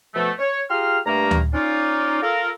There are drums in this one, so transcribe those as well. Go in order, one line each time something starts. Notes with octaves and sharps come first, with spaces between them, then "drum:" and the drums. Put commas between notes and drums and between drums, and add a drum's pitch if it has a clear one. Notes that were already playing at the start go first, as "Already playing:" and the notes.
B2 F3 A3
C#5
F4 G4 G#4 A#5 C6 F6
G2 A3 A#3 A#5
drum: tom D2
C#4 D#4 F4 D5
F4 A4 A#4